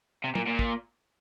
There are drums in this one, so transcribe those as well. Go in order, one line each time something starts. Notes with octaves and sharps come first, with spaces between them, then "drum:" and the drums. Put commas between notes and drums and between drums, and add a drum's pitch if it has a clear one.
C3
A#2, drum: tom
A#2
drum: kick